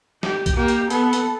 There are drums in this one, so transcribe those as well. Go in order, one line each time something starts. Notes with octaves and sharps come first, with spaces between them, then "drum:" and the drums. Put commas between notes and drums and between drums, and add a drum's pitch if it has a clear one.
G4, drum: snare
drum: kick B1, hi-hat
A#3 G4
drum: hi-hat
B3 A4, drum: hi-hat
drum: hi-hat